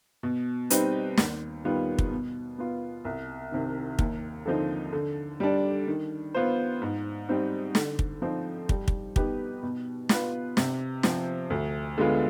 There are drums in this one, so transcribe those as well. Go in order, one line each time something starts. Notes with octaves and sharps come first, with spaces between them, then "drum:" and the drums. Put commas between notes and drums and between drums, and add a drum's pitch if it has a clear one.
B2
G3 C4 D#4 B4, drum: hi-hat
D#2, drum: snare
D#3 G3 B3 F4
drum: kick
B2
B3 F4
C2
C3 D#3
D#2, drum: kick
D3 F3 C4 D#4
D3
G3 D4
D#3
B3 F4 C5
G#2
G3 C4 D#4
D3, drum: snare
drum: kick
F3 C4 D#4
G3, drum: kick
drum: kick
B3 D#4 G4 B4, drum: kick
B2
B3 F4 B4, drum: snare
C3, drum: snare
F3 C4, drum: snare
D2
D3 G#3 B3 F4